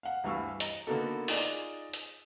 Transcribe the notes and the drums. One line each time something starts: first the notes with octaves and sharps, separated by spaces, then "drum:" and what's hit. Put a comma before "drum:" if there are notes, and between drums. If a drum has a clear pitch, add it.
F5 F#5
D2 G2 E3 F5 C#6 E6
D#5 A#5, drum: hi-hat
D3 A#3 B3 D#4 F#4 A4
D#4 F4 G#4 D5 C6, drum: open hi-hat
drum: hi-hat